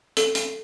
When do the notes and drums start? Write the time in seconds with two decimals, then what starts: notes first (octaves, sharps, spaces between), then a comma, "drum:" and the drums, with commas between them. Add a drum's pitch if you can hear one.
0.17 A4, drum: hi-hat
0.35 drum: hi-hat